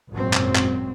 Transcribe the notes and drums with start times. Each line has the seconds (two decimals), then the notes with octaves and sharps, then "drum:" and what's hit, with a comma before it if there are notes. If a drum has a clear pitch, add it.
0.11 G#1 F#2 A#2 F#3 C4
0.33 drum: clap
0.56 drum: clap